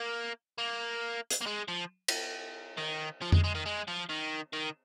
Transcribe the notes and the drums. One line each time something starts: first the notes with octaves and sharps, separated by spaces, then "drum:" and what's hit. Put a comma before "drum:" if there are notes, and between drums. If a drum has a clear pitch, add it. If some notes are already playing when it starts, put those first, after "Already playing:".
Already playing: A#3
A#3
drum: hi-hat
A#3
G#3
F3
drum: cymbal
D#3
F3
G#3, drum: tom F2
G#3
D#3
G#3
F3
D#3
D#3